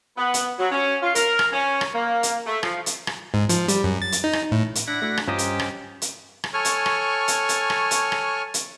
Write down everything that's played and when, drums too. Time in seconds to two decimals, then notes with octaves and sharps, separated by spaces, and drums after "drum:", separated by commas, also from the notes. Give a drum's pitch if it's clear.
0.17 B3
0.34 drum: hi-hat
0.59 F#3
0.71 C#4
1.03 F4
1.15 A#4, drum: hi-hat
1.39 drum: rim click
1.52 C#4
1.81 drum: rim click
1.95 A#3
2.23 drum: hi-hat
2.46 A3
2.63 F3, drum: rim click
2.86 drum: hi-hat
3.07 drum: rim click
3.34 G#2
3.49 F3, drum: hi-hat
3.68 G3, drum: hi-hat
3.84 F#2
4.02 A6
4.12 drum: hi-hat
4.24 D#4
4.33 drum: rim click
4.52 A2
4.75 drum: hi-hat
4.88 D4 E4 F#5 A#6
5.02 A3 E4 F#4
5.17 drum: rim click
5.28 G2 C#4 F4 G4 C5 D#5 A#5
5.38 drum: hi-hat
5.60 drum: rim click
6.02 drum: hi-hat
6.44 drum: rim click
6.54 A4 C#5 G#5 C#6 F6
6.65 drum: hi-hat
6.86 drum: rim click
7.28 drum: hi-hat
7.49 drum: hi-hat
7.70 drum: rim click
7.91 drum: hi-hat
8.12 drum: rim click
8.54 drum: hi-hat